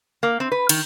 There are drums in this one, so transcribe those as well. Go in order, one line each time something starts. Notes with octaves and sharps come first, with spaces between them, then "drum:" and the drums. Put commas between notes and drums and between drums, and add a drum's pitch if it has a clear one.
A#3
C4
B4
D#3, drum: cymbal